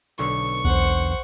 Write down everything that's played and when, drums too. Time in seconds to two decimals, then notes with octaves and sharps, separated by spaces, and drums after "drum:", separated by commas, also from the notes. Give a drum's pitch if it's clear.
0.19 B1 D3 C#6
0.65 E2 C5 F#5, drum: kick B1